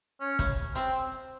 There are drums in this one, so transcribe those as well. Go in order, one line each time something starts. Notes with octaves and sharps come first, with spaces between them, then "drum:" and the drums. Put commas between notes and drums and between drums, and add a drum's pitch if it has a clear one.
C#4
drum: kick, hi-hat
C4, drum: hi-hat